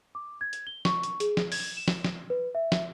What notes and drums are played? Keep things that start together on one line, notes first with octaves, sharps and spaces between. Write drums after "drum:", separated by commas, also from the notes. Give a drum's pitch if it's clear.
D6
G#6
drum: hi-hat
G7
C#6, drum: snare
drum: hi-hat
G#4, drum: hi-hat
drum: snare
G#6, drum: open hi-hat
E7
drum: snare
drum: snare
B4
E5
drum: snare